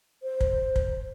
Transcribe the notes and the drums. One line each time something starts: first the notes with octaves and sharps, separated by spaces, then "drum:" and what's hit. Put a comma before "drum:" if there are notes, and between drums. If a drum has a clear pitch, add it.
C5
drum: kick
drum: kick